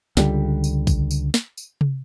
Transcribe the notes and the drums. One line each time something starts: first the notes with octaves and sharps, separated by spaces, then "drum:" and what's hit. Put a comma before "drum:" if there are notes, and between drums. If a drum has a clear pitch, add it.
C#2 D3 G3, drum: snare
drum: tambourine
drum: kick A#1, tambourine
drum: tambourine
drum: snare
drum: tambourine
drum: tom C3